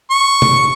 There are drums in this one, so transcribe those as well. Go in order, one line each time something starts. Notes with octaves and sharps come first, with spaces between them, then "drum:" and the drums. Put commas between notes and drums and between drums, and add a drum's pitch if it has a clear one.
C#6
drum: tom